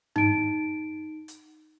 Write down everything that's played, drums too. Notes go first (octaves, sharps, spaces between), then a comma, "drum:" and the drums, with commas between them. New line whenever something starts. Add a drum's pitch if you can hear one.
D#4 D7, drum: tom G2
drum: hi-hat